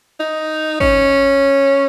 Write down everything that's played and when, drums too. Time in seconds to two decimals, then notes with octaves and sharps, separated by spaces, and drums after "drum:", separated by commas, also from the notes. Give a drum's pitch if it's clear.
0.20 D#4
0.80 C#4, drum: kick G#1